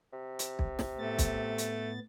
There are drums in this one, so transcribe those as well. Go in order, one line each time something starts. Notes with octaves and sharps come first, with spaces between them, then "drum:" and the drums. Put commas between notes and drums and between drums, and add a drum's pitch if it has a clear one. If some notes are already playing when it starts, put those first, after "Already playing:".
C3
drum: hi-hat
drum: kick B1
drum: snare
A2 A3 B3 A6
drum: kick B1, hi-hat
drum: hi-hat